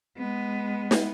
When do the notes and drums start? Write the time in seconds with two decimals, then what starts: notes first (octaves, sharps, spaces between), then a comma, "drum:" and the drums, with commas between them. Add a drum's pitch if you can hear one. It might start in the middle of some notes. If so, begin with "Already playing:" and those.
0.18 G#3 B3
0.91 drum: snare